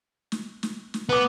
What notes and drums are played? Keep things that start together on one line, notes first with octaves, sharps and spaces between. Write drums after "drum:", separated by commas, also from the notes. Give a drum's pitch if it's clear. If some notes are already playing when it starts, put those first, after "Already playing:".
drum: snare
drum: snare
drum: snare
B3 B4 D6